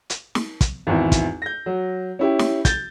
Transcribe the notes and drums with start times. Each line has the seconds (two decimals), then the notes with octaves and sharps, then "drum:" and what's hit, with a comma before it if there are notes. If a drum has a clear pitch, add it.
0.10 drum: hi-hat
0.35 drum: snare
0.61 drum: kick, hi-hat
0.87 G#1 E2 E4
1.12 drum: kick, hi-hat
1.42 G6 A#6
1.66 F#3
2.19 C#4 E4 G4
2.39 drum: snare
2.65 G6 A6, drum: kick, hi-hat